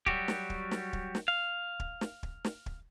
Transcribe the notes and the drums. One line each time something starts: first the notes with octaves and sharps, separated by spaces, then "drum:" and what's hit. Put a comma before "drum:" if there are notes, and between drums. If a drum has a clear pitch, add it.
F#3 G3 F#4 G4, drum: kick
drum: snare
drum: kick
drum: snare
drum: kick
drum: snare
F5
drum: kick
drum: snare
drum: kick
drum: snare
drum: kick